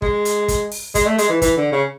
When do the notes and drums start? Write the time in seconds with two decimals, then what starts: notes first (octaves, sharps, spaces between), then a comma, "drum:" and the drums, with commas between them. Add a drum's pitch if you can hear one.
0.02 G#3, drum: kick
0.25 drum: hi-hat
0.48 drum: kick, hi-hat
0.72 drum: open hi-hat
0.95 G#3, drum: kick, hi-hat
1.06 A3
1.18 G#3, drum: hi-hat
1.29 E3
1.42 E3, drum: kick, hi-hat
1.57 D3
1.72 C#3